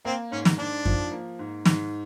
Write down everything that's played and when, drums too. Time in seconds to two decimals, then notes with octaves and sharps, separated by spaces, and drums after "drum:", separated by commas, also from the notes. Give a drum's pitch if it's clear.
0.05 A#3 C4
0.32 G#2 C#4
0.45 drum: snare
0.58 G#2 D4
0.85 F3, drum: kick F#2
1.12 A#3
1.39 G#2
1.65 G#2, drum: snare